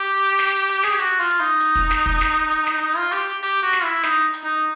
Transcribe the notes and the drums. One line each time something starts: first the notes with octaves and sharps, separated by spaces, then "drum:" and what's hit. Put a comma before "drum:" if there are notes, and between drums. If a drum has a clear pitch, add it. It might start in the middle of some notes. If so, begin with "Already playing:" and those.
Already playing: G4
drum: snare
drum: hi-hat
G#4, drum: snare
G4
F#4, drum: hi-hat
F4
drum: hi-hat
D#4
drum: hi-hat
drum: kick
drum: snare
drum: kick
drum: snare
drum: hi-hat
drum: snare
D#4
F4
G4, drum: hi-hat
G4, drum: hi-hat
F#4
drum: snare
E4
D#4, drum: snare
drum: hi-hat
D#4